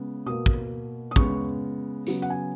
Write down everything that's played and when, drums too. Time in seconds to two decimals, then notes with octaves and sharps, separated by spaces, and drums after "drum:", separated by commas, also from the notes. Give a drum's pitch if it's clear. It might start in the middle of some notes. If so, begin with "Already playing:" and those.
Already playing: C#3 G#3 B3
0.26 B2 A#3 D#6
0.46 drum: kick
1.11 D#6
1.16 C#3 G#3 B3 C#6, drum: kick
2.07 C#3 F#3 B3, drum: tambourine
2.22 F#5
2.30 G#5